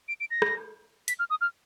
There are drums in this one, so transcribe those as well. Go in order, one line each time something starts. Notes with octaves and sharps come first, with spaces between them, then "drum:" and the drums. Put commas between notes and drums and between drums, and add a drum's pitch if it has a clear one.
D7
D7
A#6
drum: rim click
B6, drum: hi-hat
F6
D#6
F6